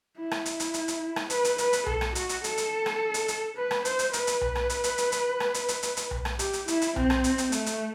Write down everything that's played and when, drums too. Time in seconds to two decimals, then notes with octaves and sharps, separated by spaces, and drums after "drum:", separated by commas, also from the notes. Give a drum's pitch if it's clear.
0.17 E4
0.31 drum: rim click
0.46 drum: hi-hat
0.60 drum: hi-hat
0.74 drum: hi-hat
0.88 drum: hi-hat
1.16 drum: rim click
1.30 B4, drum: hi-hat
1.44 drum: hi-hat
1.58 B4, drum: hi-hat
1.73 drum: hi-hat
1.86 A4, drum: tom B1
2.01 drum: rim click
2.15 F#4, drum: hi-hat
2.29 drum: hi-hat
2.44 A4, drum: hi-hat
2.58 drum: hi-hat
2.86 drum: rim click
3.14 drum: hi-hat
3.28 drum: hi-hat
3.56 B4
3.71 drum: rim click
3.85 C5, drum: hi-hat
3.99 drum: hi-hat
4.13 B4, drum: hi-hat
4.27 drum: hi-hat
4.41 drum: tom B1
4.55 drum: rim click
4.70 drum: hi-hat
4.84 drum: hi-hat
4.98 drum: hi-hat
5.12 drum: hi-hat
5.40 drum: rim click
5.54 drum: hi-hat
5.69 drum: hi-hat
5.83 drum: hi-hat
5.97 drum: hi-hat
6.11 drum: tom B1
6.25 drum: rim click
6.39 G4, drum: hi-hat
6.53 drum: hi-hat
6.68 E4, drum: hi-hat
6.82 drum: hi-hat
6.96 C4, drum: tom B1
7.10 drum: rim click
7.24 drum: hi-hat
7.38 drum: hi-hat
7.52 A3, drum: hi-hat
7.66 drum: hi-hat